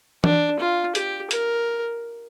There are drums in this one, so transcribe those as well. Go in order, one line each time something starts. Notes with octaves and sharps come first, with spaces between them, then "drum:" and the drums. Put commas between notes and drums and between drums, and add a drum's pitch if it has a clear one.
D4, drum: tom E3
F4
G4, drum: hi-hat
A#4, drum: hi-hat